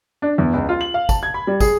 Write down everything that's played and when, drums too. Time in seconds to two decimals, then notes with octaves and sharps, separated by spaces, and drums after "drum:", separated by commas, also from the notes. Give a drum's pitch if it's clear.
0.22 D4
0.38 E2
0.53 C#2
0.69 F4
0.81 F#7
0.94 F5
1.09 A5, drum: kick, tambourine
1.23 G#6
1.34 B5
1.47 G3
1.60 G#4, drum: kick, tambourine